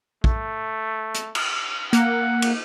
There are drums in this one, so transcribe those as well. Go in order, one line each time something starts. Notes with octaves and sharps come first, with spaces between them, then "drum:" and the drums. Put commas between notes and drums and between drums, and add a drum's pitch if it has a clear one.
A3, drum: kick
drum: hi-hat
drum: cymbal
A#3 F#5, drum: hi-hat
drum: cymbal